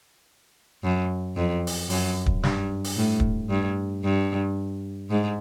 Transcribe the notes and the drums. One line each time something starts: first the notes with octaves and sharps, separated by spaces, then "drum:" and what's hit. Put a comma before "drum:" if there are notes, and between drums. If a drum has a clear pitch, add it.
F#2
F2
drum: open hi-hat
F#2, drum: open hi-hat
drum: kick
G2, drum: snare
drum: open hi-hat
A2
drum: kick
G2
G2
G#2